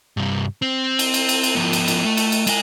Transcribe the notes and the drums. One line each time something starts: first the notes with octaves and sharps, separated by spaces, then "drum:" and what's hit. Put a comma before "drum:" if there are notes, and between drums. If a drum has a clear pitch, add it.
C2 G2
C4
drum: cymbal
drum: cymbal
drum: cymbal
drum: cymbal
F3 B3
drum: cymbal
drum: cymbal
A3
drum: cymbal
drum: cymbal
G#3 G#5, drum: cymbal